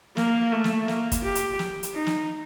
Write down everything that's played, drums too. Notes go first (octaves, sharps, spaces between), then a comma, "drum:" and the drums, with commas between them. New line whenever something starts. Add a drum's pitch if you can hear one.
A#3, drum: snare
A3
drum: snare
A#3, drum: snare
drum: kick, hi-hat
G4
drum: hi-hat
drum: snare
drum: hi-hat
D#4
drum: snare